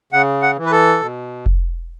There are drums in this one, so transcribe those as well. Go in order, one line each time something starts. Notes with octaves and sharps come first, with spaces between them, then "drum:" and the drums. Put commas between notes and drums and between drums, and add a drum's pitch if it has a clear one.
C#3 F#5
F#5
E3
B4
A4
B2
drum: kick F1